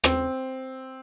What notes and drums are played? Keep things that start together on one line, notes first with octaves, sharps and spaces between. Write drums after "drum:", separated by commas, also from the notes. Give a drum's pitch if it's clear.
C4, drum: rim click